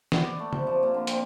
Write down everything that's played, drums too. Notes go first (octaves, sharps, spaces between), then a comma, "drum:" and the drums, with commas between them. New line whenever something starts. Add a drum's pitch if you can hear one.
B3, drum: snare
D5
A3
C3, drum: tom
F3
A#2
D3
C4, drum: hi-hat